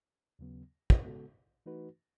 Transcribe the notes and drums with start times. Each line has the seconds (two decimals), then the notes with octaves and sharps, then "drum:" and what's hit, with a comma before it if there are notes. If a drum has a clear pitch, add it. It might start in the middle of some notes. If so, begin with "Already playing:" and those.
0.39 D#2 C#3 F#3 B3
0.90 drum: kick
1.03 C#3 G#3 B3 F#4 A4
1.66 E3 A3 D#4 F#4 B4